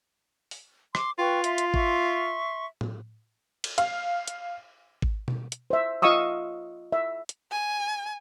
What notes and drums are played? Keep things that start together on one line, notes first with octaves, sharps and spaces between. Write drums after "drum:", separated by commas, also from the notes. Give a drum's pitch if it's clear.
drum: open hi-hat
C6 D6, drum: rim click
F4 B4 G5 C#6
E5 C6, drum: hi-hat
drum: hi-hat
E5 C6 C#6, drum: kick G#1
drum: tom A2
drum: cymbal
F5, drum: hi-hat
drum: hi-hat
drum: kick G#1
drum: tom B2
drum: hi-hat
C5 E5
F4 D#5 F5 C#6 D#6 E6
E5
drum: hi-hat
G#5